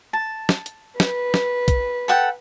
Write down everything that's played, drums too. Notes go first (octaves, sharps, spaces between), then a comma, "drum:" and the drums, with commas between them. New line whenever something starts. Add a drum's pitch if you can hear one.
A5
drum: snare
drum: hi-hat
B4, drum: snare
drum: snare
drum: kick A#1, hi-hat
A4 F#5 G5